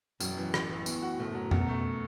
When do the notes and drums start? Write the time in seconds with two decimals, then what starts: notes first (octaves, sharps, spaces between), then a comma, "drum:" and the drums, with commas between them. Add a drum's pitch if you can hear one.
0.20 E1 F#2, drum: tambourine
0.37 E3
0.54 A1, drum: rim click
0.69 E3
0.86 E2 A2, drum: tambourine
1.02 F#4
1.19 F#1 A2
1.35 F#3
1.51 F#2 B2, drum: tom F2
1.68 A3